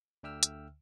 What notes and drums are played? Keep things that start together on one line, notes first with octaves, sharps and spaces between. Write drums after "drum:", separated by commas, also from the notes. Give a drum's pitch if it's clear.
D2 D3 E5 G5 E6 F6
drum: hi-hat